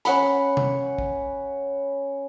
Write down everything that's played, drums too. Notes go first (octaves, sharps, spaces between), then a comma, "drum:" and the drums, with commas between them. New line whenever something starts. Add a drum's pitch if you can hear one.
C#4 F#5 B5, drum: hi-hat
drum: tom C3
drum: kick